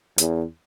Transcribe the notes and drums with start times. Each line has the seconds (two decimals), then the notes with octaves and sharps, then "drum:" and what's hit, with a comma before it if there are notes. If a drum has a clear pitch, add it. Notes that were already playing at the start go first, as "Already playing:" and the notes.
0.18 E2, drum: hi-hat